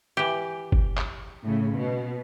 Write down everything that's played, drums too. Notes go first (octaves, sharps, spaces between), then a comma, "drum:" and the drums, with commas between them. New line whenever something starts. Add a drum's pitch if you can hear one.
E3 G4
drum: kick G1
drum: clap
A2 C#3
B2